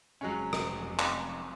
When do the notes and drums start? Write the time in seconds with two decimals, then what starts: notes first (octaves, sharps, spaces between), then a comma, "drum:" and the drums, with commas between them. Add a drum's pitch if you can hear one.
0.21 F1 F#3 G#3 C#4
0.53 drum: rim click
0.99 drum: clap